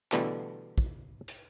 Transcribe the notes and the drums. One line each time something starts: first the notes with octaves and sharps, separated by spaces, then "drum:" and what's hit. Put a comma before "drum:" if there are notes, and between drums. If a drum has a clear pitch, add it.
B2 D3 E3 G3 A3 B3, drum: clap
drum: kick
drum: hi-hat